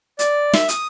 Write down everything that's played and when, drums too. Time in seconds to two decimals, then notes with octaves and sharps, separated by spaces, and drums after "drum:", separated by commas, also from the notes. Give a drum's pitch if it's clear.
0.19 D5, drum: hi-hat
0.53 E5, drum: snare
0.68 D#6, drum: hi-hat